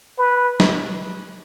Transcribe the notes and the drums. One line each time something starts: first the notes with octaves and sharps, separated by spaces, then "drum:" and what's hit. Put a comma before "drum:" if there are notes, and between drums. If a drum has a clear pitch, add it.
B4
drum: snare